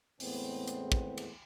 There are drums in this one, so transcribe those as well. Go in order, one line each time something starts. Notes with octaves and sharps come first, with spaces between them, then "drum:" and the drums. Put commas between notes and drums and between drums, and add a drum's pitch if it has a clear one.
E2 A2 G#3 B3 C4, drum: open hi-hat
drum: hi-hat
drum: kick
drum: cymbal